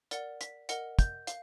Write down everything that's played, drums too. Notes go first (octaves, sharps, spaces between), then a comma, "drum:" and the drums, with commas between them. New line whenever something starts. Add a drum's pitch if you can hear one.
A#4 D5 F#5, drum: hi-hat
B6, drum: hi-hat
A#4 D#5 F#5, drum: hi-hat
G6, drum: kick, hi-hat
F5, drum: hi-hat